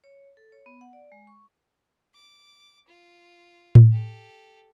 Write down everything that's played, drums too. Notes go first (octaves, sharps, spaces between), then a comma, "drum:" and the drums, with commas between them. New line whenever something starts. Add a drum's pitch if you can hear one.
C#5
A4
C#5
B3
F#5
D5
G#3
C#6
D6
F4
drum: tom A2
G4 A4